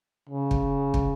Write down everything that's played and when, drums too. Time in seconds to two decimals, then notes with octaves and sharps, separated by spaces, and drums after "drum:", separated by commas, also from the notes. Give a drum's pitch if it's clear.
0.29 C#3
0.51 drum: kick
0.94 drum: kick